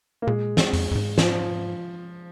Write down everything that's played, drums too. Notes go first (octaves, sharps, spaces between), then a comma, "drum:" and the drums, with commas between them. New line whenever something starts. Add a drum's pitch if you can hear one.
A#3
A#2 G#3
drum: snare
F2, drum: open hi-hat
F2
G#2
F3, drum: snare